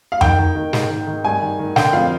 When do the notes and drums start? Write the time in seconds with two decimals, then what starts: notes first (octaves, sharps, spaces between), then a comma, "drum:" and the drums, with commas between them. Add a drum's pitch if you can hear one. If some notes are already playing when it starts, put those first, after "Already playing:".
0.12 F5
0.21 D#3 G5, drum: tom F2
0.38 D#3
0.55 D#3
0.73 G#2, drum: snare
0.90 D#3
1.07 D#3
1.25 G2 G#5
1.42 D#3
1.59 D#3
1.76 D3 G5, drum: snare
1.93 F2 F5